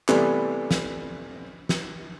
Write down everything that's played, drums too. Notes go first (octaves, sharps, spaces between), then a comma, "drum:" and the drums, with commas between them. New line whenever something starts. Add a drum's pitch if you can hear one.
C3 E3 G3 A3 B3, drum: clap
drum: snare
drum: snare